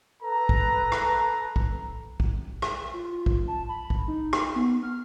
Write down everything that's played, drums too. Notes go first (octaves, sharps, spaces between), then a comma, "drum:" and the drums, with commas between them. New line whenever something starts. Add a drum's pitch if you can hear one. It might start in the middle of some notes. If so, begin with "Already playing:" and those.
A4 B4 A#5
drum: kick
drum: rim click
drum: kick
drum: kick
drum: rim click
F4
F4
drum: kick
A5
B5
drum: kick
D#4
drum: rim click
B3
F6